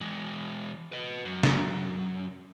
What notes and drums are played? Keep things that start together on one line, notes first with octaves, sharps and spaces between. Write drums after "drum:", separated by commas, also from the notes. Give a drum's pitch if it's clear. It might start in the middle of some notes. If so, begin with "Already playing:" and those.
E3 G#3
B4 D#5
F#2
drum: snare